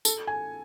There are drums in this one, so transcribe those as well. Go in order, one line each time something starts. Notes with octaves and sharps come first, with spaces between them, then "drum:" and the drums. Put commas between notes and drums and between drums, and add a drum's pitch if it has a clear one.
A4, drum: tambourine
G#5